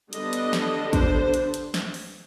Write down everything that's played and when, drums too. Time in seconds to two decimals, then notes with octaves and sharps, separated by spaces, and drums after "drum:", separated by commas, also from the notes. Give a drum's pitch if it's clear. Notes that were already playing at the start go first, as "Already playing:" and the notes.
0.13 D3 G3 B3 D4 D#5, drum: hi-hat
0.33 drum: hi-hat
0.53 drum: snare
0.93 C5, drum: kick, hi-hat
1.34 drum: hi-hat
1.54 drum: hi-hat
1.74 drum: snare
1.94 drum: open hi-hat